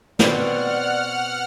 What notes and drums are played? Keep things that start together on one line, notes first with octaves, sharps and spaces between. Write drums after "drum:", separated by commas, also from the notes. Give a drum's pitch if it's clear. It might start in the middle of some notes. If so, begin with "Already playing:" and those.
B2 C4 D5 F#5 F6, drum: snare